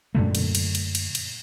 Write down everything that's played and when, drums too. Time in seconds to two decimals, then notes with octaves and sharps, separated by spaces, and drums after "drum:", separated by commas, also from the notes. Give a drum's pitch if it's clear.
0.15 F#2 A#2 D3 A3
0.35 drum: cymbal
0.55 drum: cymbal
0.75 drum: cymbal
0.95 drum: cymbal
1.15 drum: cymbal